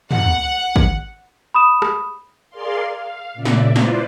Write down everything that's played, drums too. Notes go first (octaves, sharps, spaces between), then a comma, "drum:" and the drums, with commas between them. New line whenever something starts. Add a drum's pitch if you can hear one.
F#5, drum: tom
drum: kick
B5 D#6 E7
drum: rim click
G#4 A#4 D5 F5 C6
F5
A#2 C#3 D5 E5
drum: snare
E4 F4 B4 C5 D5, drum: snare